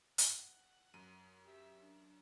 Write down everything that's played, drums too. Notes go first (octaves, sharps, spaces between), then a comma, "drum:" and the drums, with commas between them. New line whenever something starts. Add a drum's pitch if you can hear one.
F#5, drum: hi-hat
F#2 D#7
G4 E5
D4